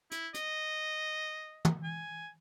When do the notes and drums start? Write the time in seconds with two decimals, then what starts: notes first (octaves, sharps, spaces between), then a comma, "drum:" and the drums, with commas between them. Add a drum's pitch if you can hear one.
0.11 E4, drum: hi-hat
0.34 D#5, drum: hi-hat
1.65 drum: tom
1.84 G#5